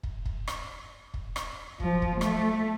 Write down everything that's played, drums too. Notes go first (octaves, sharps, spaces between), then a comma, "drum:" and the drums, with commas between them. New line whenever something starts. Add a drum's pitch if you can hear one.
drum: kick
drum: kick
drum: rim click
drum: kick
drum: rim click
F3, drum: kick
drum: kick
A3, drum: rim click